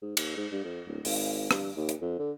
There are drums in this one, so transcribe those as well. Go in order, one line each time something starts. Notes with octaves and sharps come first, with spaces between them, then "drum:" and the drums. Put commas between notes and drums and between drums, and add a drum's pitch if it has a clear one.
G#2
D#2, drum: cymbal
G#2
G2
F2
D1
G#1, drum: open hi-hat
G2, drum: rim click
D#2
drum: hi-hat
F2
D3